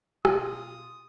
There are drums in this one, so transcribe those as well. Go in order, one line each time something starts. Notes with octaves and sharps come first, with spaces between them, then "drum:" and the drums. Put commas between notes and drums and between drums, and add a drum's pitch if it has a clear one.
B2 F4 D#6, drum: rim click